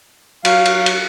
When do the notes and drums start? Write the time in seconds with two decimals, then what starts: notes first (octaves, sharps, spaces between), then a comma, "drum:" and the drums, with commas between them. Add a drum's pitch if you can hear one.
0.45 F#3 F5, drum: cymbal
0.65 drum: cymbal
0.86 drum: cymbal